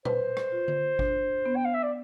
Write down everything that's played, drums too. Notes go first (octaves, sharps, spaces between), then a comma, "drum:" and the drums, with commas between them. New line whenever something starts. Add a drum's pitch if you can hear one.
B4 C5, drum: tom A#2
drum: rim click
F4
drum: tom D3
D4, drum: kick G#1
B3
G5
F5
E5
D5